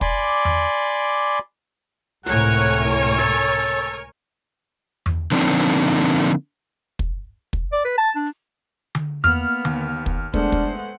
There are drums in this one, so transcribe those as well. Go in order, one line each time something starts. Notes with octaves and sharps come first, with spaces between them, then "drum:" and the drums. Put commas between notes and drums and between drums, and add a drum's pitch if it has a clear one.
D5 G#5 B5 C6 D6, drum: kick
drum: tom E2
C#2 A2 C3 A#4 C#5 F#5 G#5, drum: snare
A4, drum: snare
drum: tom E2
D3 F3 A#3 C4 D4 D#4
drum: hi-hat
drum: kick
drum: kick
D5
B4
A5
D4
drum: hi-hat
drum: tom D3
A#3 B3 F6, drum: tom E2
D#2, drum: tom D3
drum: kick
G#3 A3 B3 D4 C5 F#5, drum: kick
drum: kick